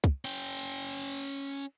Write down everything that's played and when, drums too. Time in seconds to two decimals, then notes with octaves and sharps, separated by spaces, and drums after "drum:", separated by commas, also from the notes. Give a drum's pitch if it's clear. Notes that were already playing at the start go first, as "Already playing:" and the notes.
0.04 drum: kick
0.25 C#4 G5, drum: cymbal